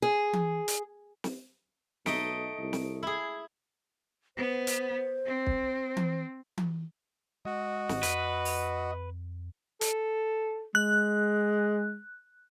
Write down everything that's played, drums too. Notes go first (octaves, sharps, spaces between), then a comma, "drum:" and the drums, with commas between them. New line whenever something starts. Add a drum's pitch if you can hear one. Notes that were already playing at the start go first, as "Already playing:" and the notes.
G#4
drum: tom E3
drum: hi-hat
drum: snare
B1 A3 D#4 D#5 D7, drum: snare
C2
drum: snare
E4 G#4
B3 C5
drum: hi-hat
C4
drum: kick
drum: tom E3
drum: tom E3
G#3 F#4 D#5
G#2 D#3, drum: snare
F2 B4, drum: hi-hat
drum: open hi-hat
A4, drum: hi-hat
G#3 F#6